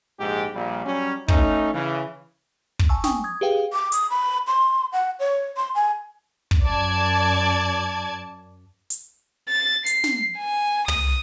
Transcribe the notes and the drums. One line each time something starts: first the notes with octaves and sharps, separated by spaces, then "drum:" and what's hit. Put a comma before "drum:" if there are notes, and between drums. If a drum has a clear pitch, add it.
A#1 G#2 G#3 G4
A#1 A#2 G3
F#3 G3 C#4
A3 C#4 D#4, drum: kick
C#3 E3
drum: kick
G#5 A5 C#6 E6
G5 G#5 C#6 D#6, drum: snare
D#6 G#6
G4 G#4 B4 F5 G5
D6
D#6, drum: hi-hat
B5
C6
F#5
C#5
C6
G#5
drum: kick
F#2 D5 A5 G#6
drum: hi-hat
A6
C7, drum: hi-hat
drum: snare
G#5
D#6, drum: tom